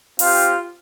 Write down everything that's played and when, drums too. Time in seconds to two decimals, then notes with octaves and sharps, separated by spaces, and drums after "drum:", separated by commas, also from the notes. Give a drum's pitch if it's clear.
0.19 C4 F4 G4 F5, drum: open hi-hat